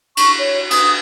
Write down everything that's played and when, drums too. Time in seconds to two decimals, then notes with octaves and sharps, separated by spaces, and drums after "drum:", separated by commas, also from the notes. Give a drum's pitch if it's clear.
0.17 C#6, drum: cymbal
0.39 C#5
0.71 D#6, drum: cymbal